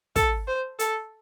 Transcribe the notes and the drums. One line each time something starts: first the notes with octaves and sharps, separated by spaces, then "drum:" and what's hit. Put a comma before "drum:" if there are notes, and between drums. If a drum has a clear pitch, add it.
A4, drum: kick, hi-hat
C5
A4, drum: hi-hat